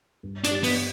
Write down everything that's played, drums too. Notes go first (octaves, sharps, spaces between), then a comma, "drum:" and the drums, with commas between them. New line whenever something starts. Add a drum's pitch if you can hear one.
G2
D4, drum: hi-hat
G3
B3, drum: open hi-hat